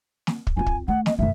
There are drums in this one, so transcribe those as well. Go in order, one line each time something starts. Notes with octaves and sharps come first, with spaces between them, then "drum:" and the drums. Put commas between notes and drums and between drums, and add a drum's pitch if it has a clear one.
drum: snare
drum: kick
C4 F4 G#5
drum: kick
A3 F#5
D#5, drum: snare
F#2 A3 E5